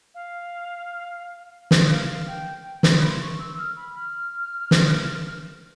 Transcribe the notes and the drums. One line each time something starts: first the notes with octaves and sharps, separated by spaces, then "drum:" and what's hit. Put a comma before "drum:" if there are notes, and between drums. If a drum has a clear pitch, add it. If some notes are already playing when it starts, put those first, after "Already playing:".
F5
drum: snare
F5
G5
G5
B5, drum: snare
C6
C#6
E6
F6
B5
F6
drum: snare